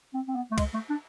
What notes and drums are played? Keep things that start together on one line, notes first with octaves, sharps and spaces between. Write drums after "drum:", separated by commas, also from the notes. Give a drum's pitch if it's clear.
C4
C4
B3
A3
G#3, drum: kick, cymbal
A3
D4